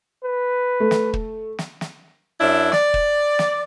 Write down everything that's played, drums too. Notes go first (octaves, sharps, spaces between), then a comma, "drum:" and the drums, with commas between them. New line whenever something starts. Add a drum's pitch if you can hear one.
B4
A3
drum: snare
drum: kick
drum: snare
drum: snare
F#2 D4 E4
D5, drum: snare
drum: kick
drum: snare